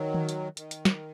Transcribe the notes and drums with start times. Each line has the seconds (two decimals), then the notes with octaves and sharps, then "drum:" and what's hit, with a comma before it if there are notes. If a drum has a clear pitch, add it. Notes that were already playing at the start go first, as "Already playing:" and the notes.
Already playing: D#3 F#3
0.14 drum: tom D#3
0.29 drum: hi-hat
0.57 D#3, drum: hi-hat
0.71 drum: hi-hat
0.85 drum: snare